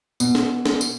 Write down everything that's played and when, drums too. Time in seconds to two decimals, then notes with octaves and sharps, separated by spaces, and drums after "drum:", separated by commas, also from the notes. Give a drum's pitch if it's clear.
0.20 B2, drum: tambourine
0.35 drum: snare
0.66 drum: snare
0.81 drum: tambourine